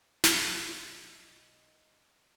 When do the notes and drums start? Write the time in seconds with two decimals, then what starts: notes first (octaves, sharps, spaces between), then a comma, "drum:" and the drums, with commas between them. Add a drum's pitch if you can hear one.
0.24 B1 D#4, drum: snare